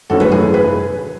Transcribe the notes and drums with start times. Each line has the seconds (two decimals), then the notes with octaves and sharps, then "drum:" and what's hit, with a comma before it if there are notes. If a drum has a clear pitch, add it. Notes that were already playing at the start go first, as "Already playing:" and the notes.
0.10 G#1 F#2 E3 A3 C#4 F#4 A4
0.20 G#4 B4, drum: tom F#3
0.32 G#4
0.54 G#4 B4